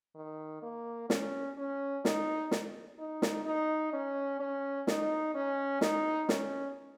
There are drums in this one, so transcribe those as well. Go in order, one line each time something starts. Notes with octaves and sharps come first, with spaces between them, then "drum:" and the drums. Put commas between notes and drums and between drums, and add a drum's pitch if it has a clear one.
D#3
A#3
C#4, drum: snare
C#4
D#4, drum: snare
drum: snare
D#4
drum: snare
D#4
C#4
C#4
D#4, drum: snare
C#4
D#4, drum: snare
C#4, drum: snare